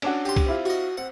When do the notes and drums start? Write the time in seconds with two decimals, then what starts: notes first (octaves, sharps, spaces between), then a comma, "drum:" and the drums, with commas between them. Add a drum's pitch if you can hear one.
0.02 C#4 D4 F#4, drum: cymbal
0.25 G4 C6
0.36 drum: kick C2, cymbal
0.46 C4 E4 F4
0.65 F#4 D#5
0.97 C4 F#5